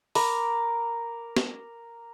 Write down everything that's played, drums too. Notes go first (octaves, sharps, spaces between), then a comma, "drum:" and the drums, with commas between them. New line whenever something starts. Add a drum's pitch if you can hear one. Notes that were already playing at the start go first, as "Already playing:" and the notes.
A#4 B5 D6, drum: open hi-hat
drum: snare